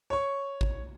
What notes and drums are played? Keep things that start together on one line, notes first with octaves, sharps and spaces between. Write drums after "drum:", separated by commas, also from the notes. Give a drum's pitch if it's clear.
C#5 C#6
drum: kick G#1